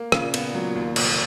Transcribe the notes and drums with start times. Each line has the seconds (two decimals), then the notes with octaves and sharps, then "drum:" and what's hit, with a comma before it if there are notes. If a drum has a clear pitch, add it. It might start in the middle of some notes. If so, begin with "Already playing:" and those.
Already playing: A#3
0.12 A#2 C#3, drum: rim click
0.34 B3, drum: cymbal
0.55 F#3
0.75 D#2
0.96 F1, drum: cymbal